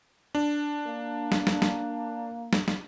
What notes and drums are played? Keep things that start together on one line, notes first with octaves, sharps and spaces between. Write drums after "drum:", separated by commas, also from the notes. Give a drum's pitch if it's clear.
D4
A#3
drum: snare
drum: snare
drum: snare
drum: snare
drum: snare